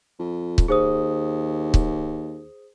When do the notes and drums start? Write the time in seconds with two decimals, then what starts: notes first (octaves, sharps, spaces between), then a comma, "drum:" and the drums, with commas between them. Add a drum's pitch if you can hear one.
0.19 F2
0.58 drum: kick C#1
0.68 D#2 G#4 C5 D#6
1.74 drum: kick C#1